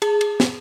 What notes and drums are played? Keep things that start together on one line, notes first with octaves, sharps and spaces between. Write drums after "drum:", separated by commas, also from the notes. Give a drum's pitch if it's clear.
G#4, drum: cymbal
drum: cymbal
drum: snare